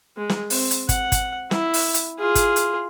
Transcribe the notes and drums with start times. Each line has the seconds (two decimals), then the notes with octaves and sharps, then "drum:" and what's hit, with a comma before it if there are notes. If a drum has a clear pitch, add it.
0.17 G#3
0.29 drum: snare
0.50 C4, drum: open hi-hat
0.71 drum: hi-hat
0.89 F#5, drum: kick, hi-hat
1.12 drum: kick, hi-hat
1.51 E4, drum: snare
1.74 drum: open hi-hat
1.94 drum: hi-hat
2.19 F4 G#4
2.35 drum: kick, hi-hat
2.56 drum: hi-hat